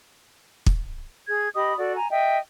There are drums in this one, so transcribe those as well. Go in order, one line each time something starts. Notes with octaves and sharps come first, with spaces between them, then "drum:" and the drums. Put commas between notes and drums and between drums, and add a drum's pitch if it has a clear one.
drum: kick
G#4 G#6
G4 D#5 B5 D#6
F#4 A4 D5
G#5 A#5
D#5 E5 G5